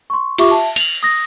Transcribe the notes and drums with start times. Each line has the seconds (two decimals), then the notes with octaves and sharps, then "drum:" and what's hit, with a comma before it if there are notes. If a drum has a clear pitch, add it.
0.10 C6 C#6
0.38 F4 G4 E5 C#6 D6, drum: cymbal
0.51 E5 A5
0.76 F7 F#7, drum: cymbal
1.03 D#6 A#6